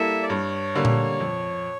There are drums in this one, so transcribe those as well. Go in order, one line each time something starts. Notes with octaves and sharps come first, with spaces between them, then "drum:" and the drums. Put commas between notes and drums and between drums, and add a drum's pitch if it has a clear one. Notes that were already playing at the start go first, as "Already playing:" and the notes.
Already playing: G3 A#3 E4 A4 E5
D5
G2 C#5
D3 G3 A#3
drum: tom A#2
F2